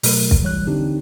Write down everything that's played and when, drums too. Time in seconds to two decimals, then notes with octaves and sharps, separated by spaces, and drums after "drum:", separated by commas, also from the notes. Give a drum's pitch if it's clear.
0.03 B2 F#3 A3 A#4, drum: open hi-hat
0.31 drum: kick
0.42 E3 G3 C#5 F#6
0.67 D3 C4 D4 D#4 G4